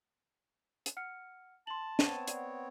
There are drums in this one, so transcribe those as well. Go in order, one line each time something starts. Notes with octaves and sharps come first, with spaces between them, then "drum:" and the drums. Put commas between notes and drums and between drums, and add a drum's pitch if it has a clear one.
drum: hi-hat
F#5 F6 C#7
A5 C6 F#7
B3 C4 C#5 D#7, drum: snare
D5 F#5, drum: hi-hat